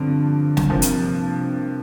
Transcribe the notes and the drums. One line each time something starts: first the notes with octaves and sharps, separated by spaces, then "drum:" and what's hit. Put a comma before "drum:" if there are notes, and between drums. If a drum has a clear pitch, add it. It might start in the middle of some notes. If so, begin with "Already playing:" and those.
Already playing: G2 D3 F3 C4
drum: snare
G2 C3 F3 A#3 F4
drum: hi-hat